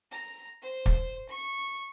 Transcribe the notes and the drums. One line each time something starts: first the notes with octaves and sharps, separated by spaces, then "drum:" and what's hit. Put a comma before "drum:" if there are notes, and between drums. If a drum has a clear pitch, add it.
A#5
C5
drum: kick
C#6